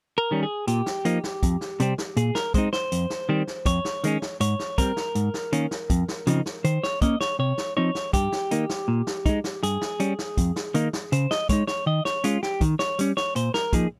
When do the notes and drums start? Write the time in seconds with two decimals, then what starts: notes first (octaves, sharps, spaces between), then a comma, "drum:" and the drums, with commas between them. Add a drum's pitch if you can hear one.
0.18 A#4
0.31 D#3 G3 C#4
0.43 G#4
0.67 A#2 G4, drum: hi-hat
0.86 drum: snare
1.05 F3 A#3 D#4, drum: hi-hat
1.24 drum: snare
1.43 F2, drum: kick, hi-hat
1.61 drum: snare
1.80 C3 G3 C4, drum: hi-hat
1.98 drum: snare
2.17 A#2 G#4, drum: hi-hat
2.35 A#4, drum: snare
2.54 G#3 C4 D#4 C5, drum: kick, hi-hat
2.73 C5, drum: snare
2.92 F2, drum: hi-hat
3.10 drum: snare
3.29 D#3 G3 C4
3.47 drum: snare
3.66 F2 C#5, drum: kick, hi-hat
3.85 drum: snare
4.04 D#3 G#3 C#4, drum: hi-hat
4.22 drum: snare
4.40 G#2 C#5, drum: hi-hat
4.59 drum: snare
4.78 G3 C4 A#4, drum: kick, hi-hat
4.97 drum: snare
5.15 G#2, drum: hi-hat
5.34 drum: snare
5.53 D#3 A#3 C#4, drum: hi-hat
5.71 drum: snare
5.90 F2, drum: kick, hi-hat
6.09 drum: snare
6.27 C#3 F3 C4 D#4, drum: hi-hat
6.46 drum: snare
6.64 D#3 C5, drum: hi-hat
6.84 C#5, drum: snare
7.02 A#3 C#4 D#5, drum: kick, hi-hat
7.21 C#5, drum: snare
7.39 C3 C#5
7.58 drum: snare
7.77 F3 C4 D#4 C#5
7.95 drum: snare
8.13 G2 G4, drum: kick, hi-hat
8.32 drum: snare
8.51 D#3 A#3 D#4, drum: hi-hat
8.70 drum: snare
8.88 A#2
9.07 drum: snare
9.26 G#3 D#4, drum: kick, hi-hat
9.44 drum: snare
9.63 G2 G#4, drum: hi-hat
9.81 drum: snare
10.00 G3 C#4, drum: hi-hat
10.19 drum: snare
10.37 F2, drum: kick, hi-hat
10.56 drum: snare
10.74 D#3 A#3 D#4, drum: hi-hat
10.93 drum: snare
11.12 C#3 C5, drum: hi-hat
11.31 D#5, drum: snare
11.49 G#3 D#4 C#5, drum: kick, hi-hat
11.67 C#5, drum: snare
11.86 D#3 D#5
12.05 C#5, drum: snare
12.24 G#3 C#4 F4, drum: hi-hat
12.43 G4, drum: snare
12.61 D#3, drum: kick, hi-hat
12.79 C#5, drum: snare
12.99 G3 C#4, drum: hi-hat
13.17 C#5, drum: snare
13.36 A#2 C5, drum: hi-hat
13.54 A#4, drum: snare
13.73 F3 A#3 D#4 G#4, drum: kick, hi-hat